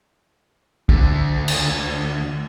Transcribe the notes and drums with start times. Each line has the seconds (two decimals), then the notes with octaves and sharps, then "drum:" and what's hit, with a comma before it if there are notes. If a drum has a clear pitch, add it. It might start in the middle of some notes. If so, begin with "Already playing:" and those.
0.89 D2 D3, drum: kick
1.48 drum: cymbal